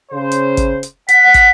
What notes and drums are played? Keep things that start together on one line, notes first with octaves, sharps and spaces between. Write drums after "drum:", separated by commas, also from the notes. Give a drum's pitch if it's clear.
C#3 C5
drum: hi-hat
drum: kick, hi-hat
drum: hi-hat
F#5 B6, drum: hi-hat
drum: kick, hi-hat